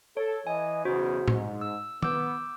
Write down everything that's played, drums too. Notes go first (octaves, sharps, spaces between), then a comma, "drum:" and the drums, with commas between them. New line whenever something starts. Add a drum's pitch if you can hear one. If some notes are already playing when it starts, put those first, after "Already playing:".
A4 C#5
E3 D#5 G#5
B1 E2 C#3 F#4 C5
G#2, drum: tom A2
E6
B3 D6 E6 G6, drum: tom